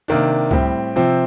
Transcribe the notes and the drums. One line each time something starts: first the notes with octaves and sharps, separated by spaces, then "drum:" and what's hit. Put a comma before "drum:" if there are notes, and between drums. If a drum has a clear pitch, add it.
C3 D#3 A#3 D4
A2 G3 C4 G4, drum: kick C#2
C3 F3 C4